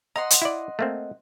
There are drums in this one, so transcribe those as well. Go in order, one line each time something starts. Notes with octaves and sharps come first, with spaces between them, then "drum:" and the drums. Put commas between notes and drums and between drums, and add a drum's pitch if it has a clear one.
D#5 F#5 A#5 C6
drum: hi-hat
E4 D5
A3 A#3 C4